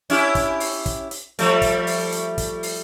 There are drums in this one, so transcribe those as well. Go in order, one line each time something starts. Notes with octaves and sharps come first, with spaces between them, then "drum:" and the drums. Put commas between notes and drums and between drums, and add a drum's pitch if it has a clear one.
C#4 E4 G4, drum: hi-hat
drum: kick, hi-hat
drum: open hi-hat
drum: kick, hi-hat
drum: hi-hat
F3 G3 A3, drum: hi-hat
drum: kick, hi-hat
drum: open hi-hat
drum: hi-hat
drum: kick, hi-hat
drum: open hi-hat